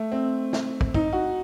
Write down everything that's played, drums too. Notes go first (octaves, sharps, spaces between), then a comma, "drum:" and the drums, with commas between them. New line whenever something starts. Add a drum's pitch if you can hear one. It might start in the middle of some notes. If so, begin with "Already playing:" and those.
Already playing: A3
C4
drum: snare
drum: kick
D#4, drum: kick
F#4